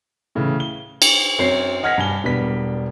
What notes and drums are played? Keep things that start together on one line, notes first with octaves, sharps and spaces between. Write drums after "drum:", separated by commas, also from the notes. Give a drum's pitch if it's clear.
A2 C#3 E3
G7
drum: cymbal
F#2 C4 C#5 C7
D#5 F#5 F6 G#6 A#6 B6
G2 G#5 G7
E1 G3 B3 D4 B6